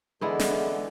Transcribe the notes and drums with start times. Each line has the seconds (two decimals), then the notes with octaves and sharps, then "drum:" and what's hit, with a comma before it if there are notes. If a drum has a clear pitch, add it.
0.21 D3 E3 G#3 B3 E4 G#4 A4 D#5
0.39 drum: snare